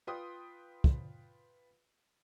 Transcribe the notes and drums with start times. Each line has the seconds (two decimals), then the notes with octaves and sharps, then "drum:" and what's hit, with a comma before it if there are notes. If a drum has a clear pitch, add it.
0.07 F4 B4 G5 C6 D#6
0.84 drum: kick